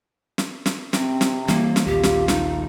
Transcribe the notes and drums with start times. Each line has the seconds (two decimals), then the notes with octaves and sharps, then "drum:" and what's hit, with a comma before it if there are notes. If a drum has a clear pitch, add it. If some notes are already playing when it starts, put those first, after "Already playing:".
0.38 drum: snare
0.66 drum: snare
0.93 C3 C4, drum: snare
1.21 drum: snare
1.48 E3 F#3 G3 A#3, drum: snare
1.76 drum: snare
1.87 A#1 D#2 F4 G4
2.03 drum: snare
2.28 D#4, drum: snare